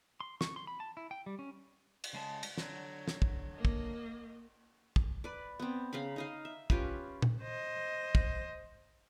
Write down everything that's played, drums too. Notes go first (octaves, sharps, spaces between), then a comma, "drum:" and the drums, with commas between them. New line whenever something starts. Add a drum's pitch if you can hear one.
C6
C#6, drum: snare
C6
B5
A5
E4
G5
G3
C#4
drum: cymbal
C#3 G#3 A5
drum: cymbal
D3 F#3, drum: snare
drum: snare
drum: kick
A#3 D#5
drum: kick
drum: kick
B4 D5
B3 C4
C#3 F5 A#5 B5
D#4 D#5 F5
E5
C#4 F4 G4 B4, drum: kick
drum: tom A#2
C5 D#5
drum: kick